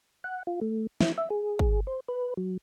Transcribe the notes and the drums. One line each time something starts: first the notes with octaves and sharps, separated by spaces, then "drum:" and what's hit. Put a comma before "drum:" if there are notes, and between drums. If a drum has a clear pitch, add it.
F#5
F4
A3
E4, drum: snare
E5
G#4
drum: kick
C5
B4
F#3